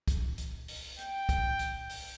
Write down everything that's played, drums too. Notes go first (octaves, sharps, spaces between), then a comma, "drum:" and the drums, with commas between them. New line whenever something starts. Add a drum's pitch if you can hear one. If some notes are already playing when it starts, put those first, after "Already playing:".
drum: kick, hi-hat
drum: hi-hat
drum: open hi-hat
G5, drum: hi-hat
drum: kick, hi-hat
drum: hi-hat
drum: open hi-hat